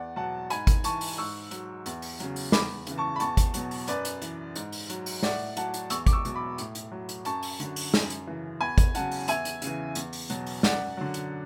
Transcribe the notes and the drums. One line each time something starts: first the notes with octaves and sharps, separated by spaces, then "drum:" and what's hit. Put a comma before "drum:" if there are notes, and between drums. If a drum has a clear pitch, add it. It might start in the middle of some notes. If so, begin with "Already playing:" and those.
Already playing: E2 D5 F#5
B2 F#3 F#5 A5
G#2 G#5 B5, drum: hi-hat
drum: kick G#1, hi-hat
E3 A5 C#6, drum: hi-hat
drum: open hi-hat
G#2 C#6 E6
F#3, drum: hi-hat
E2, drum: hi-hat
drum: open hi-hat
C#3 F#3, drum: hi-hat
drum: open hi-hat
E2 B5 D6, drum: snare
C#3 E3, drum: hi-hat
A5 C#6
B5
E2 A5 C#6, drum: hi-hat
drum: kick G#1, hi-hat
B2 F#3, drum: hi-hat
drum: open hi-hat
F#2 B4 D5, drum: hi-hat
drum: hi-hat
E3, drum: hi-hat
G#2, drum: hi-hat
drum: open hi-hat
F#3, drum: hi-hat
drum: open hi-hat
A2 D5 F#5, drum: snare
F#3 F#5 A5, drum: hi-hat
drum: hi-hat
E2 C#6 E6, drum: hi-hat
D6, drum: kick G#1, hi-hat
C#6 E6
B2 F#3, drum: hi-hat
B5 D6
A2, drum: hi-hat
drum: hi-hat
F#3
drum: hi-hat
F#2 A5 C#6, drum: hi-hat
drum: open hi-hat
D3 F#3, drum: hi-hat
drum: open hi-hat
F#2, drum: snare
drum: hi-hat
C#3 E3
E2 G#5 B5
drum: kick G#1, hi-hat
C#3 F#3 F#5 A5, drum: hi-hat
drum: open hi-hat
E2 E5 G#5, drum: hi-hat
drum: hi-hat
C#3 E3, drum: hi-hat
E2, drum: hi-hat
drum: open hi-hat
B2 F#3, drum: hi-hat
drum: open hi-hat
F#2 D5 F#5, drum: snare
D3 F#3
drum: hi-hat